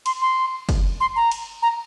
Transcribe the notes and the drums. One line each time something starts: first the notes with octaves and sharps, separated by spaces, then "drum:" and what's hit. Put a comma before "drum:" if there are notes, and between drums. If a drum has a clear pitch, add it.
C6, drum: cymbal
C6
drum: kick, cymbal
C6
A#5
drum: cymbal
A#5